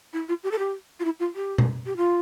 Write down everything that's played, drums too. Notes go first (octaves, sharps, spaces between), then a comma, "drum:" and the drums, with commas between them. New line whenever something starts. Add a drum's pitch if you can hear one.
E4
F4
G4
A4
G4
F4
E4
F4
G4
drum: tom B2
G4
F4